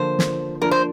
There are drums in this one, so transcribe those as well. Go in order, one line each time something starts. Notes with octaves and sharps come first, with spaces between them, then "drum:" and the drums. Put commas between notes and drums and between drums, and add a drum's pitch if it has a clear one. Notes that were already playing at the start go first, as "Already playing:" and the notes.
Already playing: D3 F3 A#3 F4 C5
drum: snare
F3 A#3 D4 A#4
C5